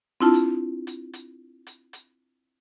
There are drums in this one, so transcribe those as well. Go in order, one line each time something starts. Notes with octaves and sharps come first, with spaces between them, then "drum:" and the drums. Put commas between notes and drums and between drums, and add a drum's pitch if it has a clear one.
C4 D4 E4 F4 A5
drum: hi-hat
drum: hi-hat
drum: hi-hat
drum: hi-hat
drum: hi-hat